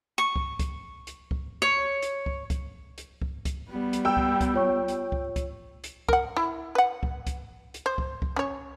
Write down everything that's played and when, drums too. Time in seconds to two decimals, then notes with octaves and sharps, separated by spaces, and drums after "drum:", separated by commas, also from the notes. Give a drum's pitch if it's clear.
0.18 C#6
0.36 drum: kick C#2
0.59 drum: kick C#2, hi-hat
1.07 drum: hi-hat
1.31 drum: kick C#2
1.62 C#5
2.02 drum: hi-hat
2.26 drum: kick C#2
2.50 drum: kick C#2, hi-hat
2.98 drum: hi-hat
3.22 drum: kick C#2
3.45 drum: kick C#2, hi-hat
3.69 G3 B3
3.93 drum: hi-hat
4.05 G5 E6
4.17 drum: kick C#2
4.41 drum: kick C#2, hi-hat
4.54 F4 C#5 C#6
4.88 drum: hi-hat
5.12 drum: kick C#2
5.36 drum: kick C#2, hi-hat
5.84 drum: hi-hat
6.08 A#4 F#5, drum: kick C#2
6.36 E4
6.75 B4 F#5
7.03 drum: kick C#2
7.27 drum: kick C#2, hi-hat
7.74 drum: hi-hat
7.86 C5
7.98 drum: kick C#2
8.22 drum: kick C#2
8.36 C#4 C#5